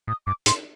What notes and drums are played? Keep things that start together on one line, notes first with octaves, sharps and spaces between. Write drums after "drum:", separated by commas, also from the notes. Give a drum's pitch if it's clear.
A2 D#6
G2 D6
A2 C6, drum: hi-hat